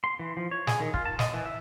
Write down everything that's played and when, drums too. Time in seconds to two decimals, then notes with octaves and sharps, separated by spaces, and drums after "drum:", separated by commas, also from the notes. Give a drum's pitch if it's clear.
0.04 C6
0.19 E3
0.37 F3
0.51 C#5
0.67 G#4, drum: snare
0.80 D#3
0.94 F4, drum: kick
1.05 A5
1.19 D#5, drum: snare
1.34 E3
1.46 E5